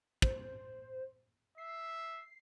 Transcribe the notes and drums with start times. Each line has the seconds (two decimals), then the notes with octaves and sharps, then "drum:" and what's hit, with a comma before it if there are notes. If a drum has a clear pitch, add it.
0.22 C5, drum: kick
1.58 E5 C7